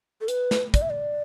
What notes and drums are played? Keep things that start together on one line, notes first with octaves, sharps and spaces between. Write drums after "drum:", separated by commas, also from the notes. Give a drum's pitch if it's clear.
A4
B4, drum: hi-hat
drum: snare
D5, drum: kick, hi-hat
E5
D5